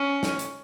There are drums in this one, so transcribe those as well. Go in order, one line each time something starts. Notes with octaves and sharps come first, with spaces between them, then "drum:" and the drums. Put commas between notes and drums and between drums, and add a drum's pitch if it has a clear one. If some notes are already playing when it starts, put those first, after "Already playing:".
Already playing: C#4
drum: snare
drum: hi-hat